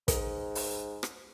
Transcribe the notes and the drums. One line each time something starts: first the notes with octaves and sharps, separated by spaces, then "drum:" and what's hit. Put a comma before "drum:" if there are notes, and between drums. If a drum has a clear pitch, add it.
G#2, drum: kick, hi-hat
drum: open hi-hat
drum: rim click